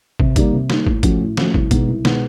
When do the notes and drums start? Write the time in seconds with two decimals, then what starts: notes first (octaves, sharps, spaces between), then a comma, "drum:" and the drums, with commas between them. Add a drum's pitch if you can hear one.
0.20 C3, drum: kick
0.36 D#3 G3 A#3, drum: kick, hi-hat
0.53 C3
0.70 D#3 G3 A#3, drum: snare
0.87 A2, drum: kick
1.03 F3 A3 C#4 F#4, drum: kick, hi-hat
1.20 A2
1.37 F3 A3 C#4 F#4, drum: snare
1.54 C2, drum: kick
1.71 B2 G#3 B3 D#4, drum: kick, hi-hat
1.88 C2
2.05 B2 G#3 B3 D#4, drum: snare